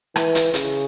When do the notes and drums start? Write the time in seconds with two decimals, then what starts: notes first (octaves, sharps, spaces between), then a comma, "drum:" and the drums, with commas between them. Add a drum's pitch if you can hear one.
0.16 E3, drum: rim click
0.35 drum: hi-hat
0.54 C#3, drum: hi-hat